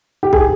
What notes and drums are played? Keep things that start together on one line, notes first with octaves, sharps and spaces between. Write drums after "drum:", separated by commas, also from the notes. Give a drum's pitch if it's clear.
G4
G#4, drum: kick B1